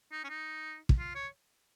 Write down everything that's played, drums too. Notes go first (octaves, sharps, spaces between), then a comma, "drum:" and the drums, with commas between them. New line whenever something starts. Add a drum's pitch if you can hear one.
D#4
C#4
D#4
drum: kick
F4
C#5